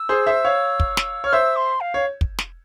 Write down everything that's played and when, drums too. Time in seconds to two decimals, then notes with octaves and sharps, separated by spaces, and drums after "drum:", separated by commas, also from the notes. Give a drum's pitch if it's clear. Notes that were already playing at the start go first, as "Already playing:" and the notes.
Already playing: E6
0.09 G#4 C5
0.27 C5 E5
0.45 C#5 F5
0.80 drum: kick
0.97 drum: snare
1.24 C#5 F6
1.33 C5 E5 E6
1.56 C6
1.80 F5
1.94 C#5
2.21 drum: kick
2.39 drum: snare